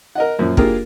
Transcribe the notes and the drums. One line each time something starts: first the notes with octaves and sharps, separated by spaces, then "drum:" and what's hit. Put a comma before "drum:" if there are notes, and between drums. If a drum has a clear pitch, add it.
A#4 D#5 F#5
F#2 A#2 F3
A#3 D4 F4 G4 G#4 A#4, drum: kick